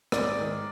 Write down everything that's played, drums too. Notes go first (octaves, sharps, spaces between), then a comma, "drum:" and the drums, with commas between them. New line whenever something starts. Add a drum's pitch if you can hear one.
G#2 D5, drum: rim click
D#3